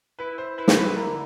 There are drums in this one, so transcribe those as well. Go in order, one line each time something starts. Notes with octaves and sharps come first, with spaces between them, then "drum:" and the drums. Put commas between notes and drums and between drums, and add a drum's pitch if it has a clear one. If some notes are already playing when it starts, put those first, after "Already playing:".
E4 B4
C5
E4 B4
drum: snare
B4
D3 A#4